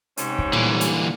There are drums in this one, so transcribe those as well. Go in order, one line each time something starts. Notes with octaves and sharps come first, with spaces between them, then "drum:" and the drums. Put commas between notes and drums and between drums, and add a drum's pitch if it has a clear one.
G#2 C3 C#4 G5, drum: hi-hat
drum: kick
A#2 D3 E3 G3 C#7
drum: hi-hat